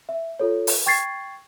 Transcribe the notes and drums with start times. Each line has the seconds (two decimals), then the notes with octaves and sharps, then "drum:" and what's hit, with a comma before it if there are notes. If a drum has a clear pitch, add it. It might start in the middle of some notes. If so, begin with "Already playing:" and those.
0.09 E5
0.39 F4 A4 C#5
0.67 drum: open hi-hat
0.86 G5 C#6 G#6 A6 C7